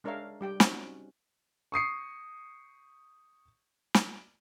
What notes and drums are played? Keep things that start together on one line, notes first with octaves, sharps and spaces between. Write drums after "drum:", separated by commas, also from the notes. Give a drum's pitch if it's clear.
G#3 D4 A#4 C#5 E5 F5
G3 G4 G5
C4 C#4 D#4 F#4, drum: snare
C#6 D#6 C7 C#7
drum: snare